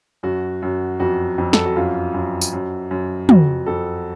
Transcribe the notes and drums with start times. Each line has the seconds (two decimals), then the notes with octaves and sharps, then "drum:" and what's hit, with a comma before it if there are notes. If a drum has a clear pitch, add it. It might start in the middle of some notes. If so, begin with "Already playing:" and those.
0.23 F#2 F#4
0.62 F#2
1.00 F2 F#4
1.38 F2
1.53 A4, drum: snare
1.65 F#4
1.76 F#2 F4
2.14 F#2
2.41 drum: tambourine
2.53 F#2
2.91 F#2
3.29 F2 F#4, drum: tom
3.66 F2 A4